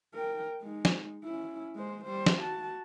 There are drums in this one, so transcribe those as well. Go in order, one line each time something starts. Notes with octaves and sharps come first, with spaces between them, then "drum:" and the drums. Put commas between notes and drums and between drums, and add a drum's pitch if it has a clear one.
A#4 G5
G#3 D#4
drum: snare
C#4 E4
G#3 C5
G3 C5
drum: snare
F#4 A5